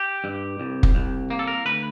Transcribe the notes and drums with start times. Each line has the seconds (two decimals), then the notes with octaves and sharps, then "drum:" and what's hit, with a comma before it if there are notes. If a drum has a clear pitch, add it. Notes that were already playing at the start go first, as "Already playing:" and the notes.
Already playing: G4
0.24 G2
0.60 C2
0.83 drum: kick F1
0.95 C2
1.30 A#3
1.39 A4
1.47 A#4
1.65 D2 B4